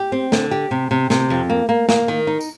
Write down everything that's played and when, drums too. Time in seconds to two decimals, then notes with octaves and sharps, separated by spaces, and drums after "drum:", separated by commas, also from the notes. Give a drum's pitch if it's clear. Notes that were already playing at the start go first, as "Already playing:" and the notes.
Already playing: G4
0.12 C4
0.32 D3, drum: snare
0.51 G4
0.71 C3
0.91 C3
1.10 C3, drum: snare
1.30 F2
1.49 A#3
1.69 A#3
1.89 A#3, drum: snare
2.08 D#3
2.27 D#4
2.41 drum: tambourine